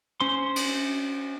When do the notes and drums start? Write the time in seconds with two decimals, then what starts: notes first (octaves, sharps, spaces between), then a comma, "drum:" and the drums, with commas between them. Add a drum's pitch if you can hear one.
0.20 C#4 C5 C6
0.56 drum: cymbal